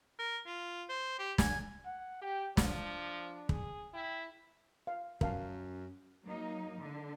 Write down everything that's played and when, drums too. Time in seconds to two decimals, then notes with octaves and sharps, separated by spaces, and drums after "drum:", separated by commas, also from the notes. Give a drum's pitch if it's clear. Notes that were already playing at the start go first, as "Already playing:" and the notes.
0.19 A#4
0.47 F4
0.89 C5
1.19 G4
1.38 G#5, drum: snare
1.85 F#5
2.22 G4 G5
2.57 F3 D4, drum: snare
3.49 G#4, drum: kick
3.94 E4 G5
4.87 F5
5.21 F#2 A#4 F5 A5, drum: kick
6.24 F#3 A#3 D#4
6.81 D3